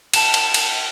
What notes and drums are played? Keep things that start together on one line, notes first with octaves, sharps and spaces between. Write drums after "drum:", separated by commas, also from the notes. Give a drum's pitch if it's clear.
A5 E7, drum: cymbal
drum: cymbal
drum: cymbal